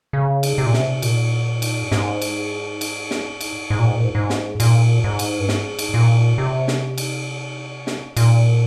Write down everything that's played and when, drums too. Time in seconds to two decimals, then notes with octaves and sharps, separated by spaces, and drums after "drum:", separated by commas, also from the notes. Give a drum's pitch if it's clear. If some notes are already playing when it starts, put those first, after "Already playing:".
0.13 C#3
0.43 drum: cymbal
0.58 C3
0.66 A#2
0.74 C3, drum: snare
1.02 A#2, drum: cymbal
1.62 drum: cymbal
1.82 G2
1.91 G#2, drum: snare
2.22 drum: cymbal
2.81 drum: cymbal
3.11 drum: snare
3.41 drum: cymbal
3.70 G#2
3.79 A#2
3.87 G#2
3.96 A#2
4.04 G#2
4.15 G#2
4.30 drum: snare
4.60 A#2, drum: cymbal
5.04 G#2
5.19 drum: cymbal
5.40 G2
5.49 G#2, drum: snare
5.79 drum: cymbal
5.94 A#2
6.38 C3
6.68 drum: snare
6.98 drum: cymbal
7.87 drum: snare
8.17 A#2, drum: cymbal